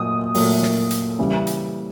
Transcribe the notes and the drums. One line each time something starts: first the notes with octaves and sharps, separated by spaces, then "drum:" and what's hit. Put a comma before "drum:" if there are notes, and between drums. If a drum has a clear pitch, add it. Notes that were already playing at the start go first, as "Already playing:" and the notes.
Already playing: A#2 F#3 D#6
A#2 F#3 A3, drum: open hi-hat
drum: snare
drum: hi-hat
C#3 E3 G3
drum: hi-hat